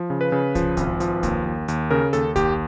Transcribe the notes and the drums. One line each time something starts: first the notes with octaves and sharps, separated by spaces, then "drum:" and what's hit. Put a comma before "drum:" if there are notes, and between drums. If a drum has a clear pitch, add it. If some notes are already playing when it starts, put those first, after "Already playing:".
Already playing: F3
C#3
B4
C#3
F3, drum: kick, hi-hat
G#1, drum: kick, hi-hat
F3, drum: hi-hat
D#2, drum: kick, hi-hat
D#2
D#2, drum: hi-hat
C#3 A#4
D#2 A4, drum: hi-hat
D#2 G4, drum: kick, hi-hat